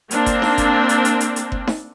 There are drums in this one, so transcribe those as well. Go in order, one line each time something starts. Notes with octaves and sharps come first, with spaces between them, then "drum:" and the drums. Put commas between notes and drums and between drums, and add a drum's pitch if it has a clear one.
A#3 C4 D4, drum: hi-hat
drum: kick F#1, hi-hat
drum: snare D#4
drum: kick F#1, hi-hat
drum: hi-hat
drum: hi-hat
drum: hi-hat
drum: hi-hat
drum: kick F#1
drum: snare D#4